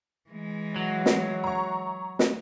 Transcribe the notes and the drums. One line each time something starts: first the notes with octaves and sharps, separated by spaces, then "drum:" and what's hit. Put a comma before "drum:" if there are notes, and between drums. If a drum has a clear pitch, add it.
E3 G#3
F#3 C#5 E5 F#5
drum: snare
A#5 C#6
drum: snare